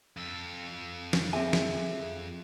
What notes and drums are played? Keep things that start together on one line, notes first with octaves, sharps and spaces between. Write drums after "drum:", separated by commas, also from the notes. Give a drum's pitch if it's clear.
F2 A4
drum: snare
C4 G#4 E5 G#5
drum: snare